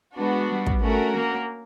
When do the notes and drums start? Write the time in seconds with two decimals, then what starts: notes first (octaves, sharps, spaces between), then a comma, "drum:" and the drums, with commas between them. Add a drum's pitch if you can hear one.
0.17 G#3 B3 D4 F#4
0.51 G3
0.66 drum: kick
0.83 A3 C#4 F#4 A#4
1.15 A#3